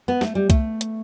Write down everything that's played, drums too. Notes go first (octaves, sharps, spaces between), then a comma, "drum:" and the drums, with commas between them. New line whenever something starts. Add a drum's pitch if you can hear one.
B3
A3, drum: snare
G3
A3, drum: kick C2, hi-hat
drum: hi-hat